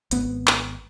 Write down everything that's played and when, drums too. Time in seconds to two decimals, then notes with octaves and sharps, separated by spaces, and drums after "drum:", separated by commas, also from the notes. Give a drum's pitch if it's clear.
0.11 G#1 B3, drum: hi-hat
0.47 drum: clap